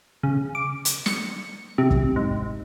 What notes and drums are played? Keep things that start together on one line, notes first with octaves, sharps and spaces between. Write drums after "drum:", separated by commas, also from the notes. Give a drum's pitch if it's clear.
C#3
D6
drum: hi-hat
C#7, drum: snare
C3
drum: kick
G#2